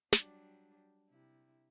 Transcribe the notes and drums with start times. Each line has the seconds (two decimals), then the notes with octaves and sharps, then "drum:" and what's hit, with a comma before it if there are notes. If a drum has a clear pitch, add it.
0.13 F#3 G3 D4, drum: snare
1.09 C3 E4